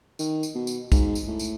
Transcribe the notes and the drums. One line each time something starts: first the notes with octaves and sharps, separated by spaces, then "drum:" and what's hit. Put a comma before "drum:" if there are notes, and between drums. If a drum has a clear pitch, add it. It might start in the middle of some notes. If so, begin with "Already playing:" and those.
D#3, drum: tambourine
drum: tambourine
B2
drum: tambourine
G#2, drum: kick, tambourine
drum: tambourine
A2
drum: tambourine